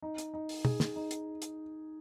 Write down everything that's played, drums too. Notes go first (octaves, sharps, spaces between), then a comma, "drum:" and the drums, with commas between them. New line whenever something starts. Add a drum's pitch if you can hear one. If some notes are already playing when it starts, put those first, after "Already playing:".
D#4
drum: hi-hat
D#4
drum: open hi-hat
G#4, drum: tom
drum: snare
D#4
drum: hi-hat
drum: hi-hat